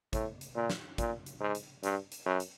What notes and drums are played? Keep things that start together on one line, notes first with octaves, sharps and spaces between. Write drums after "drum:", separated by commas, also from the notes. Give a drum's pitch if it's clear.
A2, drum: kick, hi-hat
drum: hi-hat
A#2
drum: snare
A#2, drum: kick, hi-hat
drum: hi-hat
G#2
drum: hi-hat
G2, drum: hi-hat
drum: hi-hat
F#2
drum: hi-hat